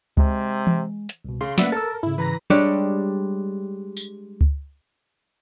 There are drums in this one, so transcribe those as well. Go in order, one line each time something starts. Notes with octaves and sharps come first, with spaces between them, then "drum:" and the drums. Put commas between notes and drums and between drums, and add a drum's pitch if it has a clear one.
C3 G#3, drum: kick C#2
drum: tom E3
drum: hi-hat
C2 B2
C#3 F5 C6
A3 A#3 C#4 B4 D5 E5 F#5, drum: snare
A4 A#4 E6 A6
G#2 C#3 E4
E3 B4 A#5 A#6
G3 G#3 D4 G4 C#5
drum: tambourine
drum: kick C#2